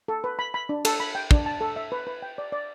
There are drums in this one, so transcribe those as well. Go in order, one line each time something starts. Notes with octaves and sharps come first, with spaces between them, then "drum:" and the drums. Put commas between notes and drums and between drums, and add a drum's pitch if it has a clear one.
A4
B4
B5
B5
D4
A4, drum: cymbal
B5
G5
D4, drum: kick
A5
A4
E5
B4
B4
G5
D5
D5